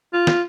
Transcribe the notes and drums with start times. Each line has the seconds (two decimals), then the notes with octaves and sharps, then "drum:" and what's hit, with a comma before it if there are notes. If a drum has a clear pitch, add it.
0.13 F4
0.27 drum: snare